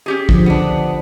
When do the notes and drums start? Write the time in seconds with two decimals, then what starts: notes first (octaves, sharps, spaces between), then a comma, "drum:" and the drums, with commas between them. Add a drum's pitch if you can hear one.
0.06 C#4 G4 G#4
0.29 D3 F3, drum: kick
0.46 B3 D4